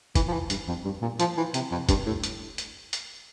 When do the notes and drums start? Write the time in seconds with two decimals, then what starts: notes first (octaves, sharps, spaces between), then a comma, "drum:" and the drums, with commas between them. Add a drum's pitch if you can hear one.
0.15 E3, drum: kick F1, hi-hat
0.28 F3
0.33 E3
0.50 G2, drum: hi-hat
0.68 F2
0.85 G2
1.02 A#2
1.20 F3, drum: hi-hat
1.37 E3
1.54 C3, drum: hi-hat
1.71 F2
1.89 G2, drum: kick F1, hi-hat
2.06 A2
2.24 drum: hi-hat
2.58 drum: hi-hat
2.93 drum: hi-hat